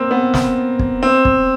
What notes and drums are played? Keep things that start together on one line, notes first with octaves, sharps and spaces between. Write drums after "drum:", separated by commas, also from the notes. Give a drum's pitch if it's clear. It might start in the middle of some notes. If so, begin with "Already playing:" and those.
Already playing: A#3 C4
B3
drum: snare
drum: kick
C4
drum: kick